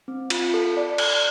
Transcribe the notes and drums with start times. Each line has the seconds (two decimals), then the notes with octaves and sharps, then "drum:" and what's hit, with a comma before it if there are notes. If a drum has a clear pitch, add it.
0.08 C4
0.30 F4, drum: cymbal
0.54 A4
0.77 D5
0.98 drum: cymbal